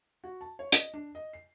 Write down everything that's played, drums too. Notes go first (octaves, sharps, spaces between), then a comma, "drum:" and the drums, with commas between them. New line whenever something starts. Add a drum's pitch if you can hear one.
F#4
A5
C#5
D#5, drum: hi-hat
D4
D#5
C7